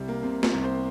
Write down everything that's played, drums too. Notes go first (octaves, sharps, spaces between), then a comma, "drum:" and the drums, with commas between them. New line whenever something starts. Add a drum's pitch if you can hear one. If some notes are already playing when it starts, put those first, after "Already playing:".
Already playing: C2 C3 G3
A#3
C3 C4
C4, drum: snare
C2
C5